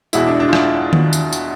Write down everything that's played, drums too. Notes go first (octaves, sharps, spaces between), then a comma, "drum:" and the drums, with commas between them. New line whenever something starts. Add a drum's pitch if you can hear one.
E2 B2 G#3 E4, drum: tambourine
D4
D4
F4
E4, drum: rim click
drum: tom D#3
drum: tambourine
drum: tambourine